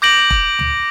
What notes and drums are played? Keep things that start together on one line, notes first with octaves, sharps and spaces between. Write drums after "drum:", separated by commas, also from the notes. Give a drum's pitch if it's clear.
D6 G6 A#6 D7 F#7
drum: kick E1
drum: tom